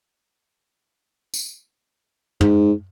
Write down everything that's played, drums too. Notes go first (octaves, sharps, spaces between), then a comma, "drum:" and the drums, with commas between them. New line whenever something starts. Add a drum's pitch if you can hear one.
drum: tambourine
G#2, drum: tom